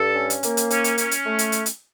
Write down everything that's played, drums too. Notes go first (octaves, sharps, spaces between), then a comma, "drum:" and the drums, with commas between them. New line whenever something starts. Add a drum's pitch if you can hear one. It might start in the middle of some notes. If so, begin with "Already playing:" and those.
Already playing: G2 A4
C#4
drum: hi-hat
A#3, drum: hi-hat
drum: hi-hat
C#4, drum: hi-hat
drum: hi-hat
C#4, drum: hi-hat
drum: hi-hat
A3
drum: hi-hat
drum: hi-hat
drum: hi-hat